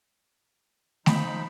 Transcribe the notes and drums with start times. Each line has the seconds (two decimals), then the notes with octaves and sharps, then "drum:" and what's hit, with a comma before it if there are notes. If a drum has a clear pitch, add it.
1.06 F3 D#4 B5, drum: snare A3